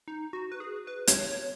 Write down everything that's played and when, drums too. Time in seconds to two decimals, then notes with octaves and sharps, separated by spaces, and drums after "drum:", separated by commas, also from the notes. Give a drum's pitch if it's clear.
0.08 D#4
0.33 F#4
0.52 B4
0.60 G#4
0.87 B4
1.07 C#5, drum: hi-hat
1.27 C#5